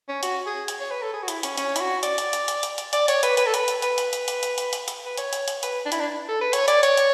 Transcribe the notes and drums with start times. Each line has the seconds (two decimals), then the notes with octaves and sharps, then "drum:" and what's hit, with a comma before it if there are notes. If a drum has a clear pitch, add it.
0.09 C#4
0.23 F#4, drum: hi-hat
0.46 G#4
0.68 drum: hi-hat
0.80 C#5
0.91 B4
1.02 A4
1.13 G#4
1.23 F#4
1.28 E4, drum: hi-hat
1.43 C#4, drum: hi-hat
1.58 C#4, drum: hi-hat
1.76 E4, drum: hi-hat
1.80 F#4
2.03 D5, drum: hi-hat
2.18 drum: hi-hat
2.33 drum: hi-hat
2.48 drum: hi-hat
2.63 drum: hi-hat
2.78 drum: hi-hat
2.93 D5, drum: hi-hat
3.08 C#5, drum: hi-hat
3.23 B4, drum: hi-hat
3.37 B4, drum: hi-hat
3.46 A4
3.54 B4, drum: hi-hat
3.68 drum: hi-hat
3.82 B4, drum: hi-hat
3.98 drum: hi-hat
4.13 drum: hi-hat
4.28 drum: hi-hat
4.43 drum: hi-hat
4.58 drum: hi-hat
4.73 drum: hi-hat
4.88 drum: hi-hat
5.06 B4
5.17 C#5, drum: hi-hat
5.33 drum: hi-hat
5.48 drum: hi-hat
5.63 B4, drum: hi-hat
5.85 D4
5.92 E4, drum: hi-hat
6.00 D4
6.29 A4
6.41 B4
6.53 C#5, drum: hi-hat
6.68 D5, drum: hi-hat
6.83 C#5, drum: hi-hat
6.97 drum: hi-hat